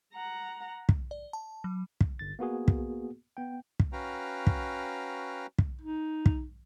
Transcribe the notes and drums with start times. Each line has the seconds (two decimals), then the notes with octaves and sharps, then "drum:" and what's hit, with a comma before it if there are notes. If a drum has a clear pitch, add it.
0.14 F#5 A#5
0.89 drum: kick
1.11 D5
1.33 A5
1.64 F#3
2.01 drum: kick
2.19 G1 A6
2.39 A#3 B3 F#4 G#4
2.68 drum: kick
3.37 B3 G5
3.80 drum: kick
3.93 C#4 F#4 B4 F5 G5 A#5
4.47 drum: kick
5.59 drum: kick
5.81 D#4
6.26 drum: kick